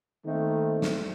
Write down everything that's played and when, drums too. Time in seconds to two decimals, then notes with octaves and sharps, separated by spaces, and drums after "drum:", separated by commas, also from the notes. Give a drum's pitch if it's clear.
0.25 D#3 A3 A#3 C4 D#4
0.82 drum: snare